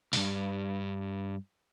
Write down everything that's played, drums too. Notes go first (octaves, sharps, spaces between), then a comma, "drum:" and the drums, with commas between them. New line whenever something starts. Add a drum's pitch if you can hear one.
B1 G2, drum: open hi-hat